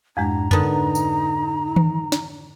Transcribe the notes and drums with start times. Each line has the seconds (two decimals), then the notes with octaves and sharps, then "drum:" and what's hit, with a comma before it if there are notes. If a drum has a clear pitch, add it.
0.17 F2 G#2 G#3 D4 A#5
0.51 D3 B3 D#4 A#4 A5 D#6, drum: tom F2
0.95 drum: tambourine
1.76 drum: tom D#3
2.12 drum: snare